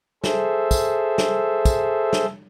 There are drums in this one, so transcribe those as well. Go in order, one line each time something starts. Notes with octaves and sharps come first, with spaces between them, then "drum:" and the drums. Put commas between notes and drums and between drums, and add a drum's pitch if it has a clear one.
G#4 A4 C5 E5, drum: snare
drum: kick, tambourine
drum: snare
drum: kick, tambourine
drum: snare